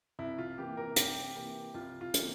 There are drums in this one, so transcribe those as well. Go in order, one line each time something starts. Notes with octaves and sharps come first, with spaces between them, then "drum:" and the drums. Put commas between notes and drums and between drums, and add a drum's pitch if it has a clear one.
C2 E4
F4
C3 E3 A#3 G4
A#4
C2 G4, drum: hi-hat
C3 E3 A#3
C2 F4
F4
C3 E3 A#3, drum: hi-hat